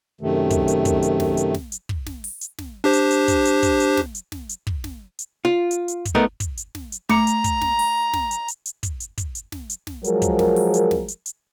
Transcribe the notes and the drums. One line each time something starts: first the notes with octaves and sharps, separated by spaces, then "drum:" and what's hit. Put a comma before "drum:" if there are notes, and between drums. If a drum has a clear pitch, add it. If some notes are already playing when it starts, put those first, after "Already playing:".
F#2 C3 D#3 A3
drum: kick, hi-hat
drum: hi-hat
drum: kick, hi-hat
drum: hi-hat
drum: snare
drum: hi-hat
drum: snare
drum: hi-hat
drum: kick
drum: snare
drum: open hi-hat
drum: hi-hat
drum: snare
D4 G4 C5
drum: hi-hat
drum: hi-hat
drum: kick, hi-hat
drum: hi-hat
drum: kick, hi-hat
drum: hi-hat
drum: snare
drum: hi-hat
drum: snare
drum: hi-hat
drum: kick
drum: snare
drum: hi-hat
F4
drum: hi-hat
drum: hi-hat
drum: kick, hi-hat
A3 B3 D#4 A#4
drum: kick, hi-hat
drum: hi-hat
drum: snare
drum: hi-hat
A3 A#5 D6 C#7, drum: snare
drum: hi-hat
drum: kick, hi-hat
drum: snare
drum: open hi-hat
drum: snare
drum: hi-hat
drum: hi-hat
drum: hi-hat
drum: kick, hi-hat
drum: hi-hat
drum: kick, hi-hat
drum: hi-hat
drum: snare
drum: hi-hat
drum: snare
F3 F#3 G#3 G#4 A#4, drum: hi-hat
drum: kick, hi-hat
drum: snare
drum: open hi-hat
drum: hi-hat
drum: snare
drum: hi-hat
drum: hi-hat